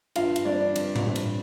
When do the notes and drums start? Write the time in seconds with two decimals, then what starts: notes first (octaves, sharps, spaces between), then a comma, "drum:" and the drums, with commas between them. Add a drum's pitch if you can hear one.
0.16 G2 F4 F5, drum: cymbal
0.36 drum: cymbal
0.45 G3 C4 D4 D5
0.60 D4
0.76 G2, drum: cymbal
0.96 drum: tom A2
1.05 G3 C4
1.16 drum: cymbal